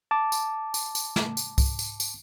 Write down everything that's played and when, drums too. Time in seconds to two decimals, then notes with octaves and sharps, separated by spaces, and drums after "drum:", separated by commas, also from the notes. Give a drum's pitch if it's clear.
0.11 A5 D6
0.32 drum: tambourine
0.74 drum: tambourine
0.95 drum: tambourine
1.16 drum: snare
1.37 drum: tambourine
1.58 drum: kick C2, tambourine
1.79 drum: tambourine
2.00 drum: tambourine